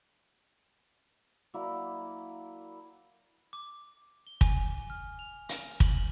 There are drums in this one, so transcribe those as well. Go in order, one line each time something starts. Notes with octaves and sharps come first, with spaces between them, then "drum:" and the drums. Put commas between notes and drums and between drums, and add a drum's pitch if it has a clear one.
F#3 A#3 E4 D5
D6
G7
G#5, drum: kick
F6
F7
drum: hi-hat
F#7, drum: kick